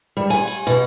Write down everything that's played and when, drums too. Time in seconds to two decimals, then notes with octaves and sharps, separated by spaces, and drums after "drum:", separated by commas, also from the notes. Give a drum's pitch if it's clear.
0.17 G3
0.30 G#5, drum: cymbal
0.47 drum: cymbal
0.67 B2, drum: cymbal